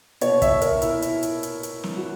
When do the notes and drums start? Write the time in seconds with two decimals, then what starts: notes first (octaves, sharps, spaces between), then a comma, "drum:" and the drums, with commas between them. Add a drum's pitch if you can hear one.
0.21 B2 C#5, drum: hi-hat
0.42 E5, drum: kick, hi-hat
0.61 A#4, drum: hi-hat
0.82 E4, drum: hi-hat
1.02 drum: hi-hat
1.23 drum: hi-hat
1.43 drum: hi-hat
1.63 drum: hi-hat
1.84 drum: snare
1.97 F#4